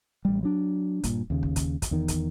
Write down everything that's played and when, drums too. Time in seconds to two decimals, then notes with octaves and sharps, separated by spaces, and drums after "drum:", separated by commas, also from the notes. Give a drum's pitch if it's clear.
0.25 A1 G3
0.43 F#3 D4
1.04 G2 A#2, drum: kick, hi-hat
1.30 D#2 C#3
1.43 drum: kick
1.56 drum: kick, hi-hat
1.82 drum: kick, hi-hat
1.91 E2 D#3
2.08 drum: kick, hi-hat